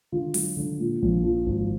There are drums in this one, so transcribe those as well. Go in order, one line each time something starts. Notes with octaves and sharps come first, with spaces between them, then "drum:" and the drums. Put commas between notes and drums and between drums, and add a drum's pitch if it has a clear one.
D3 F4
F#3, drum: open hi-hat
D3
A#2
A#1
F3
G#1